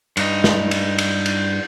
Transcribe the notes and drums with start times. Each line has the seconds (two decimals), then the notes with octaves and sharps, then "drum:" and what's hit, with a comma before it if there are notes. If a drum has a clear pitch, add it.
0.17 G2 D#4, drum: cymbal
0.44 drum: snare
0.71 drum: cymbal
0.98 drum: cymbal
1.26 drum: cymbal